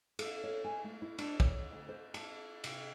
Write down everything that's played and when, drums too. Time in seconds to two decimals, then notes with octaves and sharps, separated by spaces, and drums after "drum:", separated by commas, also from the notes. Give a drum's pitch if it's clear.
0.19 A4, drum: cymbal
0.44 C#5
0.64 G#5
0.84 A3
1.02 E4
1.18 D4, drum: cymbal
1.40 C#5, drum: kick
1.71 D2
1.89 C5
2.14 A5, drum: cymbal
2.64 C3, drum: cymbal